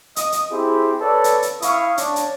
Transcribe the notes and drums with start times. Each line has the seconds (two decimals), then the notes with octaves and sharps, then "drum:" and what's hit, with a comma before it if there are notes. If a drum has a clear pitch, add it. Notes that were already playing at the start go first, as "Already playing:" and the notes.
0.16 D#5 D#6, drum: hi-hat
0.32 drum: hi-hat
0.51 C4 E4 G4 G#4
1.00 A4 B4 C#5 D5
1.24 drum: hi-hat
1.42 drum: hi-hat
1.62 E4 F5 C#6 D#6, drum: hi-hat
1.97 D4 C#5, drum: hi-hat
2.16 drum: hi-hat